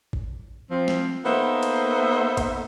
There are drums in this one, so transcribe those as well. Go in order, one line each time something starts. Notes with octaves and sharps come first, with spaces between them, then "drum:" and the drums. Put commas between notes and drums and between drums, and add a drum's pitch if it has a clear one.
drum: kick G#1
F3 C4
drum: snare
A#3 B3 D#4 A4 C5 E5
drum: cymbal
drum: kick G#1, cymbal